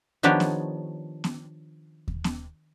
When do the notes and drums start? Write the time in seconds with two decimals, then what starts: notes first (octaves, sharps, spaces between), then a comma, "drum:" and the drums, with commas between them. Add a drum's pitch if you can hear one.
0.23 D#3 F3 B3 D4 G4 C#5
0.40 drum: snare B3
1.24 drum: snare B3
2.08 drum: kick D#2
2.24 drum: snare B3